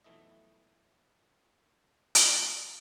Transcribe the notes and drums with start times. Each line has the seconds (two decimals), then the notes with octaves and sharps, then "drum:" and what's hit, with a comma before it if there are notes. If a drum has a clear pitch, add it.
0.04 B1 F2 E3 A3 E4 D#5
2.15 drum: hi-hat